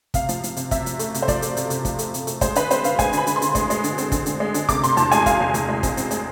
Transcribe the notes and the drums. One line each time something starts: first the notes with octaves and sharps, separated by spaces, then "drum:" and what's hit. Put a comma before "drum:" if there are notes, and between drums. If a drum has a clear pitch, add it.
C3 F5, drum: kick, hi-hat
F3, drum: hi-hat
F3, drum: hi-hat
C3, drum: hi-hat
C3 E5, drum: kick, hi-hat
F3, drum: hi-hat
A3, drum: hi-hat
C3, drum: hi-hat
C5
F3 D5, drum: kick, hi-hat
A3, drum: hi-hat
C3, drum: hi-hat
C3, drum: hi-hat
F3, drum: kick, hi-hat
A3, drum: hi-hat
C3, drum: hi-hat
A3, drum: hi-hat
G#3 C5, drum: kick, hi-hat
D3 B4, drum: hi-hat
C4 C5, drum: hi-hat
D3 F5, drum: hi-hat
G#3 G#5, drum: kick, hi-hat
D3 B5, drum: hi-hat
D3, drum: hi-hat
C6
D3, drum: hi-hat
G#3, drum: kick, hi-hat
G#3, drum: hi-hat
D3, drum: hi-hat
C4, drum: hi-hat
D3, drum: kick, hi-hat
D3, drum: hi-hat
G#3
D3, drum: hi-hat
C3 D6, drum: kick, hi-hat
C3 C6, drum: hi-hat
E2 A5, drum: hi-hat
G#3 G#5, drum: hi-hat
G#3 F5, drum: kick, hi-hat
E2
E2, drum: hi-hat
G#3
C4, drum: kick, hi-hat
C4, drum: hi-hat
G#3, drum: hi-hat